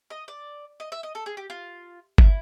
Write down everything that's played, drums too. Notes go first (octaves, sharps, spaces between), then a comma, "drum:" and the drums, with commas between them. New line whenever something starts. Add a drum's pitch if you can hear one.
D#5
D5
D#5
E5
D#5
A4
G#4
G4
F4
E4, drum: kick G1